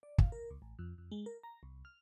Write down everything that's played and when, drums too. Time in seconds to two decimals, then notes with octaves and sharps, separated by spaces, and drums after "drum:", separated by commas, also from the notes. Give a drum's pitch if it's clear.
0.03 D5
0.18 F5, drum: kick
0.32 A#4
0.51 C#2
0.62 A1
0.79 F2
0.98 F2
1.12 G#3
1.26 A#4
1.43 A#5
1.63 C2
1.85 F6